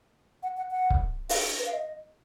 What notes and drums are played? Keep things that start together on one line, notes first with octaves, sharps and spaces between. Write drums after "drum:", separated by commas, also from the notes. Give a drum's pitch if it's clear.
F#5
F#5
F#5
drum: kick
F5, drum: open hi-hat
B4
F5
D#5